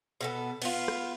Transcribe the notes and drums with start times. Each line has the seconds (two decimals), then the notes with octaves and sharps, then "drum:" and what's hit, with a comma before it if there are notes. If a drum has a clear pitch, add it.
0.21 B2 B3 A4
0.62 B3 F4, drum: cymbal
0.88 drum: rim click